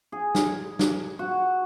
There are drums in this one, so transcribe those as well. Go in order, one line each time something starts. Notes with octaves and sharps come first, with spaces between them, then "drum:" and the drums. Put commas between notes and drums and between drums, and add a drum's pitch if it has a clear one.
G#4
drum: snare
drum: snare
F#4